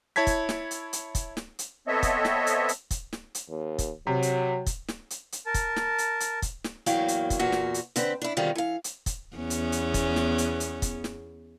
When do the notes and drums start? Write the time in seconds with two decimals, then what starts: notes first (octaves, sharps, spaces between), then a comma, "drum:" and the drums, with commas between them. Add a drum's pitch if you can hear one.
0.16 E4 C#5 A5 G#6 B6
0.27 drum: kick, hi-hat
0.49 drum: snare
0.71 drum: hi-hat
0.93 drum: hi-hat
1.15 drum: kick, hi-hat
1.37 drum: snare
1.59 drum: hi-hat
1.88 B3 C4 A4 C#5 D#5 E5
2.03 drum: kick, hi-hat
2.25 drum: snare
2.47 drum: hi-hat
2.69 drum: hi-hat
2.91 drum: kick, hi-hat
3.13 drum: snare
3.35 drum: hi-hat
3.49 D#2
3.79 drum: kick, hi-hat
4.07 C3 F#3
4.23 drum: hi-hat
4.66 drum: kick, hi-hat
4.88 drum: snare
5.10 drum: hi-hat
5.32 drum: hi-hat
5.45 A#4 A5
5.54 drum: kick, hi-hat
5.76 drum: snare
5.98 drum: hi-hat
6.20 drum: hi-hat
6.42 drum: kick, hi-hat
6.64 drum: snare
6.86 E2 A2 F#3 A#3 F5 G5, drum: hi-hat
7.08 drum: hi-hat
7.30 drum: kick, hi-hat
7.39 E2 A#2 A#3 F#4
7.52 drum: snare
7.74 drum: hi-hat
7.96 D3 C4 B4 C5, drum: hi-hat
8.22 D4 E4
8.37 B2 D3 D#3 G3 C4 F4
8.56 E3 F5
8.84 drum: hi-hat
9.06 drum: kick, hi-hat
9.36 E2 B3 C#4
9.50 drum: hi-hat
9.72 drum: hi-hat
9.94 drum: kick, hi-hat
10.16 drum: snare
10.38 drum: hi-hat
10.60 drum: hi-hat
10.82 drum: kick, hi-hat
11.04 drum: snare